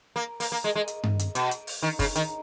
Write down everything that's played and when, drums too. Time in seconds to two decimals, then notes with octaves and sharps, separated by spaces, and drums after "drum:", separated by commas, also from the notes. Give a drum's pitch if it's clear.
0.16 A#3
0.40 A#3, drum: open hi-hat
0.52 A#3
0.64 G#3
0.76 G#3
0.88 drum: hi-hat
1.03 drum: tom G2
1.19 drum: hi-hat
1.35 B2, drum: hi-hat
1.51 drum: hi-hat
1.67 drum: open hi-hat
1.83 D#3
1.99 C#3, drum: kick F#1, open hi-hat
2.16 D#3, drum: hi-hat